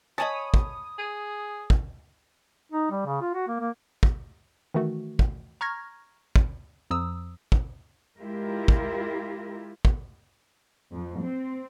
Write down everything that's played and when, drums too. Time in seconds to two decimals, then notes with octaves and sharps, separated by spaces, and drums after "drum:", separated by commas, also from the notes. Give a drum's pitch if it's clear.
0.18 C#5 D#5 G#5 A5 B5 D#6
0.54 drum: kick
0.99 G#4
1.70 drum: kick
2.72 D#4
2.91 G3
3.06 C#3
3.21 F4
3.34 F#4
3.48 A#3
3.60 A#3
4.03 drum: kick
4.74 D#3 E3 A3 F#4
5.19 drum: kick
5.61 A#5 C#6 F6 G#6 A#6
6.36 drum: kick
6.91 F2 F3 A#5 D#6 E6
7.52 drum: kick
8.20 G#3 E4 F4 G4 A#4
8.68 drum: kick
9.85 drum: kick
10.93 F2
11.23 C4